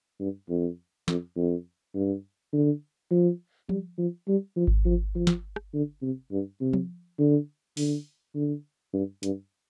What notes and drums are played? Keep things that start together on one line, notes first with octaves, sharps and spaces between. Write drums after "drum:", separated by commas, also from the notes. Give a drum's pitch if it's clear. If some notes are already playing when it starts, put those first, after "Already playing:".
G2
F2
F2, drum: snare
F2
G2
D3
F3
G3, drum: tom F3
F3
G3
F3
drum: kick G#1
F3
F3
drum: snare
drum: rim click
D3
C3
G2
C3
drum: tom F3
D3
D3, drum: open hi-hat
D3
G2
G2, drum: hi-hat